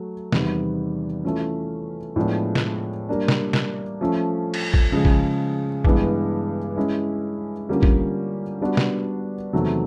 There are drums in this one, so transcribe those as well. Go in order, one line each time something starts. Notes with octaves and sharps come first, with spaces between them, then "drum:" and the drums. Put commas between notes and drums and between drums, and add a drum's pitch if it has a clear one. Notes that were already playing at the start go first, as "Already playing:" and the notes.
Already playing: F#3 A3
E2 C3 D#3 G3 B3, drum: snare
E3 A3 C#4 F4
A2 F3 G#3 B3 D4
drum: snare
G3 A#3 D4
drum: snare
drum: snare
F3 A3 C#4
drum: cymbal
drum: kick
C#3 F3 G#3
drum: kick
G2 E3 G#3 B3, drum: kick
G#3 C#4 E4
D3 G3 A#3 C#4 F4
drum: kick
G3 B3 D4 F#4 B4
drum: snare
E2 C3 D#3 F#3 A3